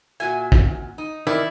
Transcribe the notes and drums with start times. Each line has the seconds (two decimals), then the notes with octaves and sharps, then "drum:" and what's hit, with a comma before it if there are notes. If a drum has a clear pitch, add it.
0.20 A#2 F#4 E5 G#5
0.52 drum: kick
0.98 D#4
1.27 D#3 E4 D5